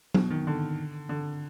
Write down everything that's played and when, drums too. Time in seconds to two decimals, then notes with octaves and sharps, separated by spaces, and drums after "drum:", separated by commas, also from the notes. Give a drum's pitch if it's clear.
0.14 B2, drum: tom F#3
0.30 D#3
0.47 D3
1.09 D3